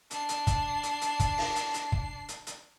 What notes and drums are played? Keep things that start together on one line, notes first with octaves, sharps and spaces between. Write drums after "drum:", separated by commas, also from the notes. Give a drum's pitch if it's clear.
D4 C7, drum: hi-hat
drum: hi-hat
drum: kick, hi-hat
drum: hi-hat
drum: hi-hat
drum: kick, hi-hat
drum: open hi-hat
drum: hi-hat
drum: hi-hat
drum: kick
drum: hi-hat
drum: hi-hat